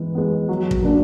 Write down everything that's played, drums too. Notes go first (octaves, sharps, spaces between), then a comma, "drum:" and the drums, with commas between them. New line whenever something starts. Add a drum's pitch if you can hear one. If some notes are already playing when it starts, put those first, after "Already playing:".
Already playing: E3 G#3 B3
G#3 B3
F#3
drum: kick
A#3 D4